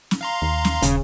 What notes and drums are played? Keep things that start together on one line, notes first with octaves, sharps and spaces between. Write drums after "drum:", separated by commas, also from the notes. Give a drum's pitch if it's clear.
drum: snare
F5 A#5 C6
D#2
drum: snare
D#1 C#3, drum: hi-hat